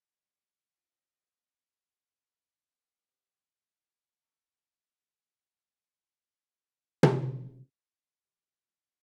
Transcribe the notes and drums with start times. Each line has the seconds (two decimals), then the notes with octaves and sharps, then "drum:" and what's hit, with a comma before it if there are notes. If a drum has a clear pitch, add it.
0.19 F#3 G3
0.78 C4 F4 D#5
2.22 B3
2.77 B3 G4 A#4
3.08 C3
4.21 A5 A#5 C#6 D6 E6 D7
7.03 drum: tom
8.22 B1 E3 G4 D#5 D6
8.65 A#2 D#3